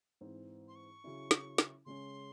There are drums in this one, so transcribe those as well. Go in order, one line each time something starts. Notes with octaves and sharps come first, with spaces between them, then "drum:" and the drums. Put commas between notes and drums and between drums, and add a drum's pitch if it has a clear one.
G#2 E3 C4
C6
C#6
C#3 F#3 C#4 E4
drum: snare
drum: snare
C#3 G#3 C#4 C6